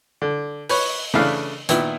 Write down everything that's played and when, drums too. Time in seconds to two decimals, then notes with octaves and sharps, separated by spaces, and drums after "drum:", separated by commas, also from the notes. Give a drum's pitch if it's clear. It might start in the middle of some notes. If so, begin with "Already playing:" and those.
0.22 D3
0.69 B4 C#5, drum: open hi-hat
1.14 C#3 E3 A3 D4 F5 B5
1.69 A#2 D#3 B3 E4, drum: hi-hat